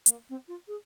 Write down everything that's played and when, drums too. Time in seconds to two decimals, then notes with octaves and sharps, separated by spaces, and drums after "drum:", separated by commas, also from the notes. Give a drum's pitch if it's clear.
0.06 G#3, drum: hi-hat
0.09 A#3
0.29 C4
0.48 F4
0.67 G#4